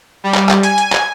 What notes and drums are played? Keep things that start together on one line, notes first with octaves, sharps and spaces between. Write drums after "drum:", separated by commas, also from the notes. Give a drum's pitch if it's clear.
G3
drum: clap
drum: clap
G#5, drum: hi-hat
drum: hi-hat
drum: clap